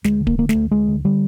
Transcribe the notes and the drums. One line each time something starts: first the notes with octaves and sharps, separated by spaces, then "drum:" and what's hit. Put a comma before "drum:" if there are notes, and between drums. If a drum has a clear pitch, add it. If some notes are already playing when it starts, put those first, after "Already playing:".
D2 G#3, drum: snare
D3
A#3, drum: kick D1
D3 A#3
A3, drum: snare
D2
D2 G#3
D3
D3 G3